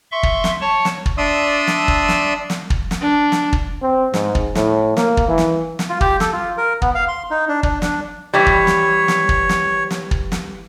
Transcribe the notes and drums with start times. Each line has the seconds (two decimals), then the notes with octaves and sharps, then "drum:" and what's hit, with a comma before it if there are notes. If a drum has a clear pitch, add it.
0.12 E5 C6 C#6
0.23 drum: kick
0.44 drum: snare
0.61 C#5 A5 C#6
0.85 drum: snare
1.06 drum: kick
1.18 D4 D5 E5 C6 D#6 E6
1.67 drum: snare
1.88 drum: kick
2.09 drum: snare
2.50 drum: snare
2.70 drum: kick
2.91 drum: snare
3.01 D4
3.32 drum: snare
3.53 drum: kick
3.82 C4
4.14 G#2, drum: snare
4.35 drum: kick
4.55 A2, drum: snare
4.97 A#3, drum: snare
5.17 drum: kick
5.28 E3
5.38 drum: snare
5.79 drum: snare
5.89 F4
6.01 G4, drum: kick
6.20 A4, drum: snare
6.33 F4
6.57 A#4
6.82 B3, drum: kick
6.95 F5
7.08 C6
7.31 D#4
7.48 D4
7.63 D4, drum: kick
7.82 D4, drum: snare
8.34 E3 G3 C#5
8.46 drum: kick
8.67 drum: snare
9.08 drum: snare
9.29 drum: kick
9.49 drum: snare
9.91 drum: snare
10.11 drum: kick
10.32 drum: snare